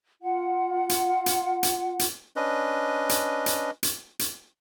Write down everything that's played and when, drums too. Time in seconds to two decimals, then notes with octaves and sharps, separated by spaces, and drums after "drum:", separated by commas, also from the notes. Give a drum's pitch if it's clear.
0.22 F4 F#5
0.89 drum: hi-hat
1.26 drum: hi-hat
1.63 drum: hi-hat
1.99 drum: hi-hat
2.36 C#4 D4 B4 D#5
3.09 drum: hi-hat
3.46 drum: hi-hat
3.83 drum: hi-hat
4.19 drum: hi-hat